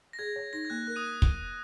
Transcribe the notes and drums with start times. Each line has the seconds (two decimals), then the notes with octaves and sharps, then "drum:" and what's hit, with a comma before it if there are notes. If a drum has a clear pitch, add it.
0.13 A#6
0.19 G#4 G#6
0.36 C#5
0.53 D#4 A#6
0.65 G#6
0.70 A#3 F#6
0.87 A#4 F#6
0.96 D#6 D#7
1.22 drum: kick